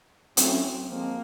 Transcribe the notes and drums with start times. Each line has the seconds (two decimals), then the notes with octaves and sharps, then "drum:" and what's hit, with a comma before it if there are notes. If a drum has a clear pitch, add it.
0.37 F#3 A3 C4 C#4 E4, drum: hi-hat
0.89 F3 G#3 A#3 C4